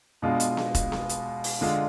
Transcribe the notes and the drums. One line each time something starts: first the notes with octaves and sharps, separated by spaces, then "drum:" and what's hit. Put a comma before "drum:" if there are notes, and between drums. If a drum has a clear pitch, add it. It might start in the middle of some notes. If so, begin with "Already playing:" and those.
B2 G#3 D4 F4
drum: hi-hat
drum: snare B3
drum: kick E1, hi-hat
drum: snare B3
drum: hi-hat
drum: open hi-hat
D3 G#3 D4 F4